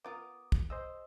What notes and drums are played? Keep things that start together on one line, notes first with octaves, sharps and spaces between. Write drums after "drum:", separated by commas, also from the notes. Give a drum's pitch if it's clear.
B3 F4 A#4 D6 D#6
drum: kick
G#4 C5 D#5 E6